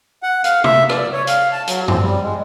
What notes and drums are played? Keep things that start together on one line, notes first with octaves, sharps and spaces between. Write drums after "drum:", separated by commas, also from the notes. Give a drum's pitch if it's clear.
F#5
F5, drum: hi-hat
E5, drum: tom
D5, drum: rim click
C#5
F5, drum: hi-hat
A5
F#3, drum: hi-hat
C4, drum: tom F#2
G3
G#3